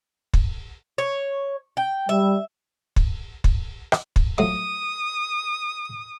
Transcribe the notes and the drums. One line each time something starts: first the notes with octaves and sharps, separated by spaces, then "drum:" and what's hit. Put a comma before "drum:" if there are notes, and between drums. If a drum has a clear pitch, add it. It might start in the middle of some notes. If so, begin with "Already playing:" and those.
drum: kick
C#5
G5
G3 E5
drum: kick
drum: kick
drum: rim click
drum: kick
F3 F#3 A3 D#6